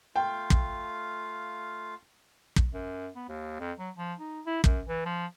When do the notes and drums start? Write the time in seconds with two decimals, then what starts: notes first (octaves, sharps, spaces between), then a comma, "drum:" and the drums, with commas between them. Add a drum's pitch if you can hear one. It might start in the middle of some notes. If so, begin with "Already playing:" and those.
0.16 A3 F4 F5 G5
0.50 drum: kick
2.56 drum: kick
2.73 F#2
3.16 B3
3.29 D#2
3.60 F2
3.79 F#3
3.98 F3
4.19 D#4
4.46 E4
4.64 F#2, drum: kick
4.88 E3
5.05 F3